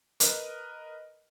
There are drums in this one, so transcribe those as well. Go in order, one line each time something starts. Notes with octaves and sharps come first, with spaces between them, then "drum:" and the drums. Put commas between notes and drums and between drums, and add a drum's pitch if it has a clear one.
A#4 B4 D#5, drum: hi-hat